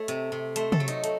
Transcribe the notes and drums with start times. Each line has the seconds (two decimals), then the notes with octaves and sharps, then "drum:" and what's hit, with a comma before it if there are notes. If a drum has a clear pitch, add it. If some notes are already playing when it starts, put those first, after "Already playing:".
Already playing: A3 C#5
0.08 C3, drum: hi-hat
0.32 C3
0.56 A3 C5, drum: hi-hat
0.72 A4, drum: tom
0.80 F#3
0.88 D#4, drum: hi-hat
1.04 A3, drum: hi-hat